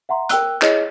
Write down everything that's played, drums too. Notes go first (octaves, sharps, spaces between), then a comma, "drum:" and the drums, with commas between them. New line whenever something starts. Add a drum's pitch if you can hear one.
E5 F#5 A#5 C6
A#4 G5 E6 F#6, drum: hi-hat
E4 G#4 C#5 D#5, drum: clap